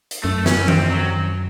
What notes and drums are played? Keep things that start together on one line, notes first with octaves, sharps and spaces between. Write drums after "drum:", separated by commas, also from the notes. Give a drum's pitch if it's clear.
drum: hi-hat
F#2 A3
C#4, drum: snare
C4, drum: tom D#3
F#3